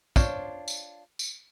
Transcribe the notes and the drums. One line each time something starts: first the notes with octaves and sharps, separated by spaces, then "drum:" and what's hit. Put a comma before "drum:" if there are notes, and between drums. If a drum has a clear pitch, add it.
D4 F4 C5 C#5, drum: kick, tambourine
drum: tambourine
drum: tambourine